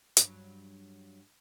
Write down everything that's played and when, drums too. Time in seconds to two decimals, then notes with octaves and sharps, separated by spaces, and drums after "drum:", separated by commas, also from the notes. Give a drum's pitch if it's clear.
0.17 G2 F#3, drum: hi-hat